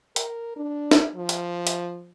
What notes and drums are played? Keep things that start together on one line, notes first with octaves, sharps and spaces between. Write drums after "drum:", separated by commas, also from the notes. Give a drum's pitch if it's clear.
A#4, drum: hi-hat
D4
drum: snare
F3
drum: hi-hat
drum: hi-hat